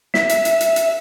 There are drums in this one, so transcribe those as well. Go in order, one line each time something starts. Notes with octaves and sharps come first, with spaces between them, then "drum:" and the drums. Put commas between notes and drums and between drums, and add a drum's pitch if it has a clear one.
E5, drum: snare
drum: hi-hat
drum: hi-hat
drum: hi-hat
drum: hi-hat